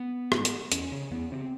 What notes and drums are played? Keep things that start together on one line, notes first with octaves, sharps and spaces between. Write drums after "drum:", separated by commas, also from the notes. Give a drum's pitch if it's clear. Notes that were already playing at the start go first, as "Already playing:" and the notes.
Already playing: B3
G#2, drum: rim click
drum: hi-hat
E2 C#4, drum: hi-hat
C#3
E2 B3
C#3 C4